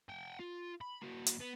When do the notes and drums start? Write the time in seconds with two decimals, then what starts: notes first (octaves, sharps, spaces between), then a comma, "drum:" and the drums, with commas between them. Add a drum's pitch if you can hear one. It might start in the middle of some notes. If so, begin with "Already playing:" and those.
0.09 F#5 G5
0.40 F4
0.81 B5
1.02 A#3 F#4
1.26 drum: hi-hat
1.40 B3